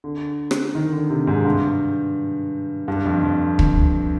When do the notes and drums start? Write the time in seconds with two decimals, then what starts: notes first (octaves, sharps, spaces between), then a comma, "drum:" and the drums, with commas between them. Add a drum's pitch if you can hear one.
0.04 D3
0.51 drum: rim click
0.75 D#3
0.93 D3
1.10 C3
1.27 G#2
1.45 G2
2.88 G2
3.05 F2
3.23 F2
3.59 drum: kick